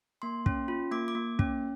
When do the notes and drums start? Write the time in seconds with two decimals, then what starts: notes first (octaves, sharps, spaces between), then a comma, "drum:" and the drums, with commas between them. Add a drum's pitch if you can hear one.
0.22 A#3 C6
0.46 C#4, drum: kick
0.68 F4
0.91 A#3 D6
1.08 D6
1.15 A#3
1.39 C#4, drum: kick